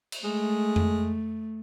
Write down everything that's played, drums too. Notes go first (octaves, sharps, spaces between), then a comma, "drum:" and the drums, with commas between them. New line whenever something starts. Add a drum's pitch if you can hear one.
drum: cymbal
G#3 A3
drum: tom F2